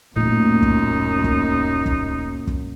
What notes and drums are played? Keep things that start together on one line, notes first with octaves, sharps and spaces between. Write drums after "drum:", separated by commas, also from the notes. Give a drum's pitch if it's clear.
D1 F#2 A#2 A3 D#4
drum: kick
drum: kick
drum: kick
drum: kick